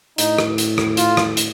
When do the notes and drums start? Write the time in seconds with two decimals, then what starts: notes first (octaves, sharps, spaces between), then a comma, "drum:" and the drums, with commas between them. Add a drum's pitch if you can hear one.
0.18 A2 D#4, drum: hi-hat
0.38 drum: rim click
0.58 drum: hi-hat
0.78 drum: rim click
0.97 F4, drum: hi-hat
1.17 drum: rim click
1.37 drum: hi-hat